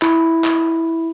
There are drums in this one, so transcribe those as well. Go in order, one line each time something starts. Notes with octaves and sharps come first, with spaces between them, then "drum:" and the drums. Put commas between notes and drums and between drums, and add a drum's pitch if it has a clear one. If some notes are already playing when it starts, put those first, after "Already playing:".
E4, drum: clap
drum: clap